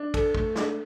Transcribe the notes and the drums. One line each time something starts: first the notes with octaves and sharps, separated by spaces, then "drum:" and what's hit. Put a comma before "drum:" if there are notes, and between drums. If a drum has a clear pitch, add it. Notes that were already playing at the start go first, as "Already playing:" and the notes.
Already playing: D4
A4, drum: kick, cymbal
A3, drum: kick
D4, drum: snare